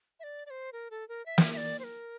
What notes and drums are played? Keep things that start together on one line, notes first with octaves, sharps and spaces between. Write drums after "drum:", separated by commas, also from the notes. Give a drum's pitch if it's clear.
E5
D5
D5
C5
A#4
A4
A#4
E5
drum: snare
E5
D5
C5
A#4